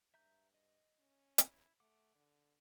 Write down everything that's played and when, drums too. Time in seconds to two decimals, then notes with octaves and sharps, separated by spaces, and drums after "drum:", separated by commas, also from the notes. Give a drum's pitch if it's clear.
0.14 G2 E5 A#5 G6
0.54 D#5
0.99 C#4
1.38 E4, drum: hi-hat
1.80 A3 F#5 D6
2.15 D3